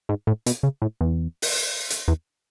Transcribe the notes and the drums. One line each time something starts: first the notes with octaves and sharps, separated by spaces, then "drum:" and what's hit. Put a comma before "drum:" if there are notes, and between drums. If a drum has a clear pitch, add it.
G#2
A2
B2, drum: hi-hat
C#3
A2
E2
drum: open hi-hat
drum: hi-hat
E2